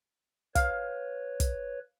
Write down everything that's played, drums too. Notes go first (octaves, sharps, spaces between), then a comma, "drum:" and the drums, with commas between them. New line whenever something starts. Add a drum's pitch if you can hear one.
B4 C#5 F5, drum: kick, hi-hat
drum: kick, hi-hat